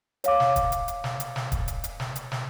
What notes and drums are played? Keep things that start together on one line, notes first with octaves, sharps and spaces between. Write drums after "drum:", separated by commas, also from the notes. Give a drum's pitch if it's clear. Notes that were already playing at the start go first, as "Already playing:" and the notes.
C#5 F5 D6, drum: hi-hat
drum: snare
drum: kick, hi-hat
drum: hi-hat
drum: hi-hat
drum: snare
drum: hi-hat
drum: snare
drum: kick, hi-hat
drum: hi-hat
drum: hi-hat
drum: snare
drum: hi-hat
drum: snare